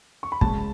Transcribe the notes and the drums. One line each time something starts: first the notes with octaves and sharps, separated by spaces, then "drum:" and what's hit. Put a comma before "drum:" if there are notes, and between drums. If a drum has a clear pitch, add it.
C#6
B5
C#2 A5, drum: kick